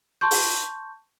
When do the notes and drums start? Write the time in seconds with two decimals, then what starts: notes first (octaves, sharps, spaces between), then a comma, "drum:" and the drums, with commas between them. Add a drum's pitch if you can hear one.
0.21 A5 C6 C#6 G6
0.31 drum: open hi-hat